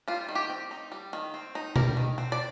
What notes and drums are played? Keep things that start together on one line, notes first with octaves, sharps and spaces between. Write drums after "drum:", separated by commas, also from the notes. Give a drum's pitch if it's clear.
G3 F4
D#3
G4
C4
D#4
G3
D#3
C4
D#4
G3 A#4, drum: tom B2
D#3
C4
D5